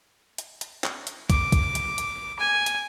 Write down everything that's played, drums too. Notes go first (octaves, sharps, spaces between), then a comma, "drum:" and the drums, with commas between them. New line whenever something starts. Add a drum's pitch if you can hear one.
drum: hi-hat
drum: hi-hat
drum: clap
drum: hi-hat
D6, drum: kick, hi-hat
drum: kick, hi-hat
drum: hi-hat
drum: hi-hat
G#5
drum: hi-hat